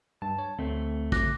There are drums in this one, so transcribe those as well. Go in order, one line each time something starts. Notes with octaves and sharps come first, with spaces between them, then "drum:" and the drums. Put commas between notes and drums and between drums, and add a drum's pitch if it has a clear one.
G2 A5
C#5
D2 A3 C4
D6 F#6 A#6, drum: kick